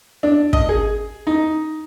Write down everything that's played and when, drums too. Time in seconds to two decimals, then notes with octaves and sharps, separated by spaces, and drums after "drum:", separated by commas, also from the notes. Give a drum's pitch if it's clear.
0.23 D4
0.53 D#5, drum: kick
0.69 G#4
1.27 D#4